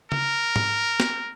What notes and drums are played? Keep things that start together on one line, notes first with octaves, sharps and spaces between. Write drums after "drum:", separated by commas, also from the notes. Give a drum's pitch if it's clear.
A#4, drum: tom C#3
drum: tom G#2
drum: snare